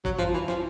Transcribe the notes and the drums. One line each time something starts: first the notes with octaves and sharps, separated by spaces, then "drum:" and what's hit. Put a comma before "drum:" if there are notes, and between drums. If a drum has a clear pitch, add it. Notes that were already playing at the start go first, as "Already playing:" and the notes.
F#3, drum: kick G#1
F3, drum: tom F#2
E3
F3, drum: snare